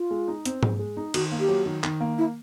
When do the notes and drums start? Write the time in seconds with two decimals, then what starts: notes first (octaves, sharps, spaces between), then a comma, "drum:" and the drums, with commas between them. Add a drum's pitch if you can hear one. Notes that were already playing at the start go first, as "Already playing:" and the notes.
Already playing: F4
0.11 G#3
0.28 D#4
0.45 C4, drum: hi-hat
0.63 G#3, drum: tom G#2
0.79 G#3
0.97 D#4
1.14 D#3 F#4, drum: cymbal
1.32 A#3
1.40 G4
1.49 F#3
1.66 D#3
1.84 D#3, drum: clap
2.01 A#3
2.18 E4